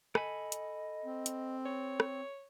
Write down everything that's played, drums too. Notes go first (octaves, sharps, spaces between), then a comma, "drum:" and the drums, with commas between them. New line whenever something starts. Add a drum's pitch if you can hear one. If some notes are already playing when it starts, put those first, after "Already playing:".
A4 D#5 G#5 B5, drum: rim click
drum: hi-hat
C4
drum: hi-hat
C#5
drum: rim click